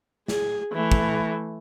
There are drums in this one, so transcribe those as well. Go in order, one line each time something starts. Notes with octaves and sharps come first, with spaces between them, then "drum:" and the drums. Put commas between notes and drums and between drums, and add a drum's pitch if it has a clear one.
G#4, drum: snare
E3 A3
drum: kick